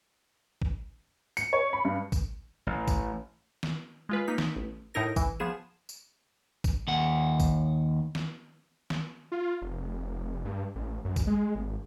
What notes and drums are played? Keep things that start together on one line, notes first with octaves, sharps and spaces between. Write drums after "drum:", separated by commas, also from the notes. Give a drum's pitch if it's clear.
drum: kick
C#7, drum: tambourine
C#5
B5
G2
drum: kick, tambourine
A1
drum: kick, tambourine
drum: snare
G#3 F4 B4
A#3 D#4 B6
drum: snare
A1
A2 D#4 E4 A#4 A#6
E3, drum: kick, tambourine
F3 B3 G#4 E7
drum: tambourine
drum: kick, tambourine
D#2 F#5
drum: kick, tambourine
drum: snare
drum: snare
F4
F1
G2
A1
F#2
drum: kick, tambourine
G#3
G#1